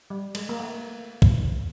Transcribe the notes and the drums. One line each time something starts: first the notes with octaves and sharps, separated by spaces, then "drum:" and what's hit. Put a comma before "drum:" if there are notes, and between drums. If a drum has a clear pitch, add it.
G3
G#3, drum: cymbal
A#3
A3
drum: kick